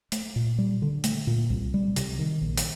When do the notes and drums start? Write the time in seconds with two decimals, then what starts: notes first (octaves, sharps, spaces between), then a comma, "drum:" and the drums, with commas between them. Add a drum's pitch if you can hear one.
0.12 A3, drum: hi-hat
0.36 A#2
0.58 G3
0.82 D3
1.04 A3, drum: hi-hat
1.27 A#2
1.50 C2
1.74 G3
1.96 C3, drum: hi-hat
2.19 D#3
2.42 A#1
2.57 drum: hi-hat